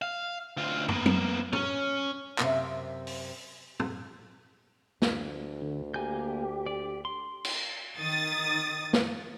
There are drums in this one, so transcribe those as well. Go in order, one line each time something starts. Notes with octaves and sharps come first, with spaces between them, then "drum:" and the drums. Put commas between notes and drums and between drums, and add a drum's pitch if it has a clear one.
F5
D2 F4
A#3 B3, drum: tom
drum: tom F#3
C#4, drum: tom
F#2 C3 C4 A4 E5 F5, drum: clap
drum: open hi-hat
drum: tom
D2, drum: snare
D3
A#3 G4 G#5 G6
D5
C6
drum: cymbal
D#3 D#6 A6
drum: snare